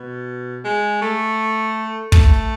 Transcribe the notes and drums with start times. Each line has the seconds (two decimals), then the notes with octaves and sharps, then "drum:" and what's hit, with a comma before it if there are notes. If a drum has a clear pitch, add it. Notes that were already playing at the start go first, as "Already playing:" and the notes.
Already playing: B2
0.64 G#3
1.01 A3
2.12 A3, drum: kick